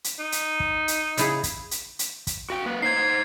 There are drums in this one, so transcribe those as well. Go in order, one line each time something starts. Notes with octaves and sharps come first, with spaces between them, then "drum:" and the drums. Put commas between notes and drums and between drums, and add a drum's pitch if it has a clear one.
drum: hi-hat
D#4
drum: hi-hat
drum: kick
drum: hi-hat
C#3 E4 G#4, drum: hi-hat
drum: kick, hi-hat
drum: hi-hat
drum: hi-hat
drum: kick, hi-hat
F#4 G5
A#3 B4
D#4 C5 G#6 C7